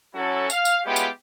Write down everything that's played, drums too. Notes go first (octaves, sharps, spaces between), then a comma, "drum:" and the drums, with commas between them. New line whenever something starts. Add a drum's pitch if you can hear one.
F#3 C#4 E4 F#4 A4
F5, drum: tambourine
drum: tambourine
G#3 B3 C#4 E4 F4 G4
drum: tambourine